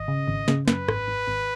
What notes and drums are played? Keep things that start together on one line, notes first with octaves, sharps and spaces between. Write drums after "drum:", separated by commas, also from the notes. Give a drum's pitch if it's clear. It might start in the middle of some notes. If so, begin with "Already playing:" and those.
Already playing: G#1 D#5
C#3
G#1
C#3, drum: snare
F#2 B4, drum: snare
G#1, drum: rim click
G#1
G#1